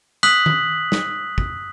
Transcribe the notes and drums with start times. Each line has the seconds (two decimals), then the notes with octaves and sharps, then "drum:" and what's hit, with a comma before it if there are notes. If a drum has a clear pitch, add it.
0.23 D#6 E6 F#6 B6 F#7
0.46 drum: tom D#3
0.92 drum: snare
1.38 drum: kick